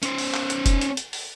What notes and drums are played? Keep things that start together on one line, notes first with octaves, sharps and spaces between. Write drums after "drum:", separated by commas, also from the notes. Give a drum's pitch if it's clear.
C#4 C5, drum: hi-hat
drum: open hi-hat
drum: clap
drum: hi-hat
drum: kick, hi-hat
drum: hi-hat
drum: hi-hat
drum: open hi-hat